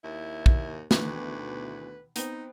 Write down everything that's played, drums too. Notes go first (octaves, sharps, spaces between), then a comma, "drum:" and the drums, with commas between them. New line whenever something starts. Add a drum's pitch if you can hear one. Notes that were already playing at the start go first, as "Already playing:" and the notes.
D#2 E4
drum: kick
D2 B2 D#3 E3 B4, drum: snare
B3 C4 D#4, drum: hi-hat